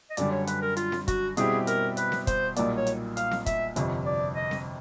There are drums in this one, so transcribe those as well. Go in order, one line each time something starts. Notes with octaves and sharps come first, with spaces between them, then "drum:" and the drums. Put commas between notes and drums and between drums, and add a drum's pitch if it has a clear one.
D#5
F#2 D3 G3 D5, drum: hi-hat
C#5
B4, drum: hi-hat
A#4
F4, drum: hi-hat
drum: snare C4
F#4, drum: kick, hi-hat
B2 G3 C4 E4 G4 G#4, drum: hi-hat
A#4, drum: hi-hat
B4, drum: hi-hat
drum: snare C4
C5, drum: kick, hi-hat
B1 A#2 G3 A#3 D5, drum: hi-hat
C#5
drum: hi-hat
F5, drum: hi-hat
drum: snare C4
E5, drum: kick, hi-hat
G1 F2 C3, drum: hi-hat
D5
D#5
drum: snare C4